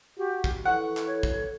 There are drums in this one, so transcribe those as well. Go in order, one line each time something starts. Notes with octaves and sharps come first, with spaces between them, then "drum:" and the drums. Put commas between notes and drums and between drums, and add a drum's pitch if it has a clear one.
F#4 G4
drum: kick
E3 A4 F#5 C#6
drum: clap
C#5
drum: kick